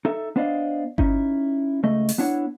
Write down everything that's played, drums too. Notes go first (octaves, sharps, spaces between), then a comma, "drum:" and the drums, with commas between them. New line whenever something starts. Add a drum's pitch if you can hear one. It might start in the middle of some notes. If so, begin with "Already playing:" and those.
D#4 A4 E5
B3 D4 C5 D5 D#5 F5
C#4 D#4 E4, drum: kick G1
C#2 A3 D#5
drum: open hi-hat
B3 D4 E4 C#5 F#5